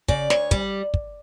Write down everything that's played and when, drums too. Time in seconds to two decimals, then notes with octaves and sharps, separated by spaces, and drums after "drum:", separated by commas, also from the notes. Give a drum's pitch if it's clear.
0.08 C#3 D5, drum: kick
0.30 D2 C#5, drum: snare
0.51 G3, drum: kick
0.94 drum: kick